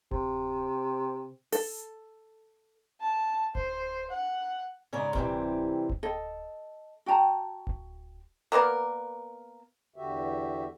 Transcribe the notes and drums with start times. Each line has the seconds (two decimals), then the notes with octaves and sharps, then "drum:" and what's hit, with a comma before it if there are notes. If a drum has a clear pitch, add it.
0.11 C3, drum: kick D1
1.52 A4, drum: open hi-hat
3.00 A5
3.55 C5, drum: kick D1
4.10 F#5
4.93 G#2 C#3 D5 A#5
5.15 C3 E3 F#3 G3 A#3 C4, drum: kick D1
5.89 drum: kick D1
6.03 A4 D#5
7.06 F#4 G5 A5 A#5
7.67 drum: kick D1
8.52 A#3 B3 A#4 D5
9.96 E2 D3 F#4 G4 E5